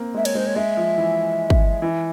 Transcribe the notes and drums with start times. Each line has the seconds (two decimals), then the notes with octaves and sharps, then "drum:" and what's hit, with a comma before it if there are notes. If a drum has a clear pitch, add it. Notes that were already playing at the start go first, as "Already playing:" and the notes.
Already playing: A#3 C4
0.14 G#3 E5
0.25 C#5, drum: cymbal
0.35 G#3 C5
0.46 C#5
0.56 G#3 E5
0.77 F3
0.98 E3
1.50 drum: kick
1.82 E3